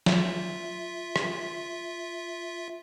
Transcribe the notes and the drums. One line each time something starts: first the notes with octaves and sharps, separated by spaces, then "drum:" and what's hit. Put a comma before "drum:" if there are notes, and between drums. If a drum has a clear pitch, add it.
F4 E5, drum: snare
drum: rim click